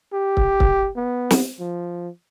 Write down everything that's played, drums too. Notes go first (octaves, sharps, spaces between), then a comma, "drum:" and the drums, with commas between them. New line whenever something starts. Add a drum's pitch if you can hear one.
G4
drum: kick
drum: kick
B3
drum: snare
F3